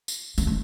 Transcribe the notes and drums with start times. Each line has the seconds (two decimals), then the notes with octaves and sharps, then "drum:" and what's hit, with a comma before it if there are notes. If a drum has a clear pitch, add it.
0.08 drum: tambourine
0.38 A#3, drum: tambourine
0.47 A3